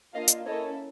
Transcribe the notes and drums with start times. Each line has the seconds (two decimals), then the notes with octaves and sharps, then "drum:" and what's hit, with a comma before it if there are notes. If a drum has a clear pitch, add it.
0.14 A#3 D4 F4 D#5 F5
0.28 drum: hi-hat
0.45 A#3 C#4 E4 A4 C#5 D#5